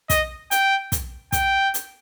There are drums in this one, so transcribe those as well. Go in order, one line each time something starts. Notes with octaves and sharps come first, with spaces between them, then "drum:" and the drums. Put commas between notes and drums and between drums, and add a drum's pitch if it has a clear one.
D#5, drum: kick, hi-hat
G5, drum: hi-hat
drum: kick, hi-hat
G5, drum: kick, hi-hat
drum: hi-hat